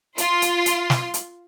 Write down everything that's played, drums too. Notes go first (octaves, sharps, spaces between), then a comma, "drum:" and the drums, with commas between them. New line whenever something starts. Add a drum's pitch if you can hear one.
F4 C6, drum: hi-hat
drum: hi-hat
drum: hi-hat
drum: snare
drum: hi-hat